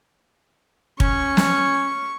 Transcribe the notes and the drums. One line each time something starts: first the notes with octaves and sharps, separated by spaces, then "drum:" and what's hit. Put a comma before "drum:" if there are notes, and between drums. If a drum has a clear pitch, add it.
C#4 C#6, drum: kick
drum: snare